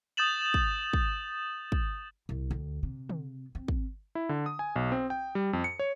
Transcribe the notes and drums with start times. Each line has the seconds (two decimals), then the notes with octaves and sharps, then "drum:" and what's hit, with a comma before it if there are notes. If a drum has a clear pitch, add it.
0.17 D#6 G6 A6 E7 F#7
0.54 drum: kick
0.93 drum: kick
1.72 drum: kick
2.29 C2
2.51 D2
2.83 C3
3.09 drum: tom
3.55 C4
3.68 drum: kick
4.15 E4
4.29 D3
4.46 D#6
4.59 G#5
4.76 B1
4.92 C4
5.10 G5
5.35 G3
5.53 F2
5.64 C#7
5.79 C#5